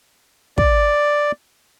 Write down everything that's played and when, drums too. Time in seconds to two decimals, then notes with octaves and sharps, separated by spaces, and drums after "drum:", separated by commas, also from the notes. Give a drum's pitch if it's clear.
0.58 D5, drum: kick